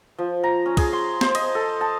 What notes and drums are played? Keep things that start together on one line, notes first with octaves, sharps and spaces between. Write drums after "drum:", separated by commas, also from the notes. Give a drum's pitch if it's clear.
F3
A#5
C#4
G#4, drum: kick, cymbal
C6
C5, drum: snare
D#5, drum: cymbal
A4
A5